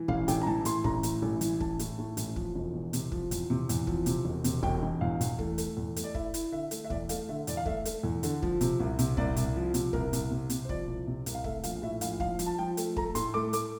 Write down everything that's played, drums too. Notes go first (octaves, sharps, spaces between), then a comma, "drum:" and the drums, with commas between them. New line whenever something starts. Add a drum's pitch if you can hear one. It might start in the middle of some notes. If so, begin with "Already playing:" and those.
Already playing: E3
A1 F5, drum: kick
A1 G5, drum: hi-hat
A#5
E3 A5
A2 C6, drum: hi-hat
A1 A#5, drum: kick
A2, drum: hi-hat
A1
E3, drum: hi-hat
A1 A5, drum: kick
A2, drum: hi-hat
A2
A1, drum: hi-hat
F3, drum: kick
E1
E2
C3, drum: hi-hat
F3, drum: kick
E2, drum: hi-hat
C3
E2, drum: hi-hat
F3, drum: kick
C3, drum: hi-hat
E1
C3, drum: hi-hat
E1 G5, drum: kick
E1
E2 F5
E2, drum: hi-hat
A3, drum: kick
A3, drum: hi-hat
E2
A3, drum: hi-hat
D5
E4 E5, drum: kick
E4, drum: hi-hat
D3 E5
A3, drum: hi-hat
E5
E2 D5, drum: kick
A3 F5, drum: hi-hat
D3 E5
E2 D5, drum: hi-hat
F5
A3 E5, drum: kick
A3, drum: hi-hat
E2
D3, drum: hi-hat
F3, drum: kick
C3, drum: hi-hat
C2
C3, drum: hi-hat
C2 D5, drum: kick
C2, drum: hi-hat
F3
C3, drum: hi-hat
C2 A#4, drum: kick
C2, drum: hi-hat
C3
C3, drum: hi-hat
C5
F3 D5, drum: kick
C2
C3
C2, drum: hi-hat
F5
A3 E5, drum: kick
A#1 F5, drum: hi-hat
A2 E5
A#1 F5, drum: hi-hat
F3 F5, drum: kick
F3, drum: hi-hat
A5
F3 G5
A3, drum: hi-hat
A3 A#5, drum: kick
A2 C6, drum: hi-hat
A3 D6
A3 D6, drum: hi-hat